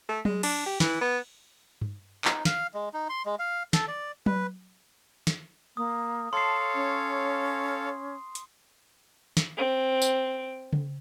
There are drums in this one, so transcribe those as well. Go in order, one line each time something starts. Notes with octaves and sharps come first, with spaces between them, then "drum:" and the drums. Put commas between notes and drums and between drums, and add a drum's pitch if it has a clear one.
A3
G#3, drum: tom F#3
D4, drum: cymbal
G4
E3, drum: snare
B3
drum: tom G2
D#4, drum: clap
F5, drum: snare
G#3
D#4
C6
G#3
F5
A4, drum: snare
D5
B4, drum: tom F#3
drum: snare
A#3 D#6
A4 C#5 F5 A5 C6 C7
C#4
drum: hi-hat
drum: snare
C4
drum: tambourine
drum: tom C#3